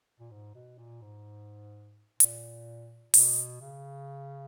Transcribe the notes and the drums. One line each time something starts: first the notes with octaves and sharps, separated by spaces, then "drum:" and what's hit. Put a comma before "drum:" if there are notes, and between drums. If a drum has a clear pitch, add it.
A#2
G#2
B2
A#2
G#2
A#2, drum: hi-hat
B2, drum: open hi-hat
C#3